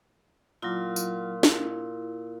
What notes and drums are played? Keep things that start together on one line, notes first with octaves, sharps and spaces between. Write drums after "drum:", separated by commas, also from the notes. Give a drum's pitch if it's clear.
A#2 F#3 E4 F4
drum: tambourine
E4, drum: snare